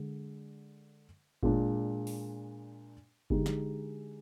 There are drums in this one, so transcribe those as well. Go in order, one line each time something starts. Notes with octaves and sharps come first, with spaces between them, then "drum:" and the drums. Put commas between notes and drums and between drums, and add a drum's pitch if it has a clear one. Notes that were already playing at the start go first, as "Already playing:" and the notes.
Already playing: D3 G#3
A#2 G#3 D4, drum: kick G1
drum: open hi-hat
D3 G#3 D#4 G4, drum: kick G1
drum: snare